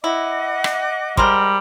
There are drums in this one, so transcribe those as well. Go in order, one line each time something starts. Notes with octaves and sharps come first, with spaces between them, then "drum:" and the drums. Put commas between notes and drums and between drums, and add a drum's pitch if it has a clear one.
E4 D#5 F#5 D6
drum: rim click
G3 G#3 A#4 C5, drum: kick